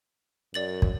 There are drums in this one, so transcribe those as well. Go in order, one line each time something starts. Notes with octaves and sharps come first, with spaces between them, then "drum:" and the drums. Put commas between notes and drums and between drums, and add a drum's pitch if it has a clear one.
F#2 D5 A6 F#7
drum: kick